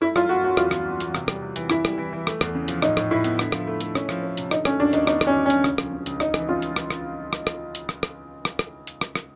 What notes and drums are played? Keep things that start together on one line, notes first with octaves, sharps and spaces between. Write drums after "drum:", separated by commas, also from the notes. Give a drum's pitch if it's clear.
A3 E4
F#3 F4, drum: rim click
F#2 F#4
F#2 F#4
E2 F4, drum: rim click
E2, drum: rim click
E2
E2, drum: hi-hat
C3, drum: rim click
G3, drum: rim click
C3
E3, drum: hi-hat
E3 E4, drum: rim click
G3, drum: rim click
E3
E3
A3, drum: rim click
E2, drum: rim click
C#3
F3, drum: hi-hat
A2 D#4, drum: rim click
A2, drum: rim click
A2 E4
B3, drum: hi-hat
D3, drum: rim click
F3, drum: rim click
A3
A3, drum: hi-hat
C#4, drum: rim click
F3, drum: rim click
C#4
C3, drum: hi-hat
D3 D#4, drum: rim click
A3 C#4, drum: rim click
D#2 D4
D#2 D#4, drum: hi-hat
B3 D#4, drum: rim click
D3, drum: rim click
C#4
D3
C#4
D3, drum: hi-hat
C#2, drum: rim click
F3, drum: rim click
C#3
C#2, drum: hi-hat
C#3 D#4, drum: rim click
E3, drum: rim click
C#3 F4
drum: hi-hat
drum: rim click
drum: rim click
drum: rim click
drum: rim click
drum: hi-hat
drum: rim click
drum: rim click
drum: rim click
drum: rim click
drum: hi-hat
drum: rim click
drum: rim click